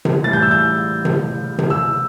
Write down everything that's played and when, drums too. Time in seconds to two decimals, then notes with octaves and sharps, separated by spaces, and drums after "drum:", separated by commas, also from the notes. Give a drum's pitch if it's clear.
0.05 drum: tom C3
0.24 A2 E3 G3 A6
0.33 G6
0.42 E6
0.51 G6
1.05 drum: tom C3
1.59 drum: tom C3
1.70 E6